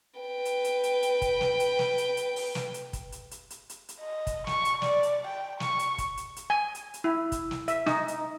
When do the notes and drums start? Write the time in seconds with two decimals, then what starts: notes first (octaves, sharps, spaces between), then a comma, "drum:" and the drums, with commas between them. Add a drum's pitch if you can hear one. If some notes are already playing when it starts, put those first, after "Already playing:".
0.20 B4 G5
0.45 drum: hi-hat
0.64 drum: hi-hat
0.83 drum: hi-hat
1.03 drum: hi-hat
1.22 drum: kick, hi-hat
1.41 drum: snare
1.60 drum: hi-hat
1.79 drum: snare
1.98 drum: hi-hat
2.17 drum: hi-hat
2.36 drum: open hi-hat
2.55 drum: snare
2.74 drum: hi-hat
2.93 drum: kick, hi-hat
3.12 drum: hi-hat
3.31 drum: hi-hat
3.50 drum: hi-hat
3.69 drum: hi-hat
3.89 drum: hi-hat
4.00 D#5
4.27 drum: kick, hi-hat
4.47 C#6, drum: snare
4.65 drum: hi-hat
4.82 D5, drum: snare
5.03 drum: hi-hat
5.27 G5
5.60 C#6, drum: snare
5.79 drum: hi-hat
5.98 drum: kick, hi-hat
6.17 drum: hi-hat
6.36 drum: hi-hat
6.50 G#5
6.75 drum: hi-hat
6.94 drum: hi-hat
7.04 E4
7.32 drum: kick, hi-hat
7.51 drum: snare
7.68 E5, drum: hi-hat
7.86 D#4, drum: snare
8.08 drum: hi-hat